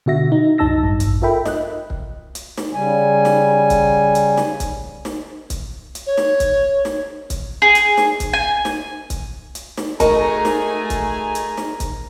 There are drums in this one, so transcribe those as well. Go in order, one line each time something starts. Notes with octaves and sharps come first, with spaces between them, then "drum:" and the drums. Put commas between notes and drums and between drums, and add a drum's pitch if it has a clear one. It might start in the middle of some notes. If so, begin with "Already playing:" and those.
B2 D3 F#4 E5 A#6
D#4
C2 F#2 D#4 A5 E6 A#6
A1 G2
drum: kick, hi-hat
F4 A4 A#4 E5 G5 B5
D#5 F#6, drum: snare
drum: kick
drum: hi-hat
drum: snare
C#3 G3 G#5
drum: snare
drum: kick, hi-hat
drum: hi-hat
drum: snare
drum: kick, hi-hat
drum: snare
drum: kick, hi-hat
drum: hi-hat
C#5
drum: snare
drum: kick, hi-hat
drum: snare
drum: kick, hi-hat
G#4
drum: hi-hat
drum: snare
drum: kick, hi-hat
G#5
drum: snare
drum: kick, hi-hat
drum: hi-hat
drum: snare
A3 D#4 F#4 G#4 A#4 G#5 A#5, drum: kick, hi-hat
drum: snare
drum: kick, hi-hat
drum: hi-hat
drum: snare
drum: kick, hi-hat